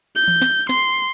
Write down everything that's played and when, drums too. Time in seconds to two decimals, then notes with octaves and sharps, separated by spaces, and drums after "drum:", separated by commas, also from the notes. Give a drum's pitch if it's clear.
0.16 G6
0.28 drum: tom E3
0.42 drum: snare
0.69 C6, drum: snare